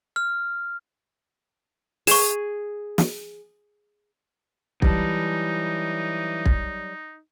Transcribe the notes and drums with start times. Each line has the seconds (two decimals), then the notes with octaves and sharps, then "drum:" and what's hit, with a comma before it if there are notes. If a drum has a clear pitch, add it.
0.16 F6
2.07 G#4 C#6 E7, drum: open hi-hat
2.98 drum: snare
4.82 E3 F#3 G3 D#4 A5, drum: kick
6.46 drum: kick